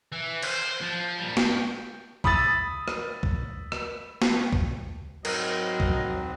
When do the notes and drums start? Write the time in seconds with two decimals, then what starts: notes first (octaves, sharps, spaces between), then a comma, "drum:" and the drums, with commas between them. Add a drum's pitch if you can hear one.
0.12 E3
0.42 C5, drum: cymbal
0.82 F3
1.18 A#2 G3
1.37 G#2 G5, drum: snare
2.24 B5 D#6 E6 A6, drum: kick C#2
2.88 drum: rim click
3.23 drum: kick C#2
3.72 drum: rim click
4.22 drum: snare
4.53 drum: kick C#2
5.25 G#2 F#3 C4 A#4 B4 D#5, drum: cymbal
5.80 drum: kick C#2